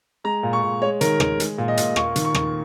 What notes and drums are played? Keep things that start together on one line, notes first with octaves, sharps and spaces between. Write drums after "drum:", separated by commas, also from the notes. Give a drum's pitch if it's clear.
G#3 A#5
A#2
C#6
A#2
G#3 C#5
D#3 A#4, drum: hi-hat
D#3 A#4, drum: rim click
G#3, drum: hi-hat
A#2
D#5
A#2, drum: hi-hat
A#3 C#6, drum: rim click
D#3, drum: hi-hat
C#6
D#3, drum: rim click